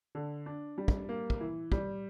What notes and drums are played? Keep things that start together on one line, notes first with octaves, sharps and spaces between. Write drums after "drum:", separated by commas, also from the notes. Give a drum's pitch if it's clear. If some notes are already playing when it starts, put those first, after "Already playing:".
D3
D4
G3
drum: kick
A#3
drum: kick
E3
G3, drum: kick